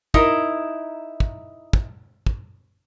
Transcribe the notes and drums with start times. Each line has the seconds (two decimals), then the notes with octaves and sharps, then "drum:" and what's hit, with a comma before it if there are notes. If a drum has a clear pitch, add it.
0.14 D#4 E4 A#4, drum: kick
1.20 drum: kick
1.73 drum: kick
2.27 drum: kick